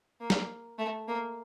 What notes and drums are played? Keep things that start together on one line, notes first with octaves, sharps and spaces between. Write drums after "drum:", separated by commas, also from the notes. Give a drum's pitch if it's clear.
A#3
drum: snare
A3
A#3